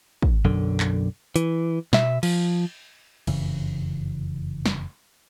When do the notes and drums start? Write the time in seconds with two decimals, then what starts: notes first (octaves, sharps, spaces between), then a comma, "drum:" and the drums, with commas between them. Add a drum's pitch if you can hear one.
0.22 drum: kick
0.45 B1 F#2 D3
0.80 drum: clap
1.36 E3, drum: hi-hat
1.93 B2 E5, drum: snare
2.23 F3, drum: cymbal
3.27 F1 F#2 C#3 E3, drum: cymbal
4.66 drum: snare